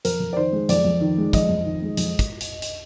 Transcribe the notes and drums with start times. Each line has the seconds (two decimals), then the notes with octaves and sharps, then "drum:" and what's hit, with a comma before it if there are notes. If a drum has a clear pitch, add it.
0.05 F2 A#4, drum: hi-hat
0.20 F2
0.33 D5
0.37 D#3 C5
0.52 G#3
0.69 F2 D5, drum: hi-hat
0.85 F2
1.01 D#3
1.18 G#3
1.33 F2 D#5, drum: kick, hi-hat
1.49 F2
1.65 D#3
1.82 G#3
1.97 F2, drum: hi-hat
2.19 drum: kick, hi-hat
2.41 drum: hi-hat
2.62 drum: hi-hat